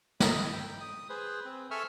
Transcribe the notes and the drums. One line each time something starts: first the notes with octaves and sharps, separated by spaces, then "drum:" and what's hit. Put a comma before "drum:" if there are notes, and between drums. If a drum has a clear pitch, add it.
D#5 E5 A#5 B5, drum: snare
G5
D#6
G#4 B4 C5
C4
A4 E5 G#5 C#6 E6 F6